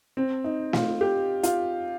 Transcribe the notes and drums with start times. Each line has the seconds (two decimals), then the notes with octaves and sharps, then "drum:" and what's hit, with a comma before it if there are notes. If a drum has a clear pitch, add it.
0.17 C4
0.44 D#4
0.73 F4, drum: snare
1.01 G4
1.43 F4, drum: hi-hat